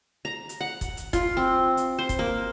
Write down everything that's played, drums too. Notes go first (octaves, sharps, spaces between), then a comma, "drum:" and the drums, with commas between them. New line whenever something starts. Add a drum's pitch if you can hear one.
A#5
drum: hi-hat
F#5
drum: kick, hi-hat
drum: hi-hat
F4, drum: kick, hi-hat
C4
drum: hi-hat
C5
drum: kick, hi-hat
A#3